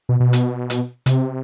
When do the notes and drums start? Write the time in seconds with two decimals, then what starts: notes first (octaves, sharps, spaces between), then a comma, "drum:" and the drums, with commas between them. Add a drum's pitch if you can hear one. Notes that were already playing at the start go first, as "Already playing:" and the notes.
0.09 B2
0.20 B2
0.33 drum: hi-hat
0.70 drum: hi-hat
1.06 C3, drum: hi-hat